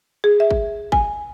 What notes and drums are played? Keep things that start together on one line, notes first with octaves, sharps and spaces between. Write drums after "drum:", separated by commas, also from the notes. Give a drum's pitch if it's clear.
G#4
E5
drum: kick
G#5, drum: kick